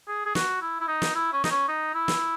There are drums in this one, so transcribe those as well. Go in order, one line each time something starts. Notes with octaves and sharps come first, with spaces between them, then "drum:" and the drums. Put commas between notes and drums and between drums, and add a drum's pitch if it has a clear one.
G#4
G#4
F#4, drum: snare
E4
E4
D#4
drum: snare
E4
C#4
D#4, drum: snare
C#4
D#4
E4
drum: snare